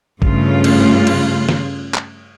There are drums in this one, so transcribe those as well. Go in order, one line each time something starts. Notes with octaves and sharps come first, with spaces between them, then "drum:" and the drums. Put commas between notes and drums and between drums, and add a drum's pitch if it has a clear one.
G2 C#3 A3 F4, drum: kick
drum: cymbal
drum: cymbal
drum: snare
drum: clap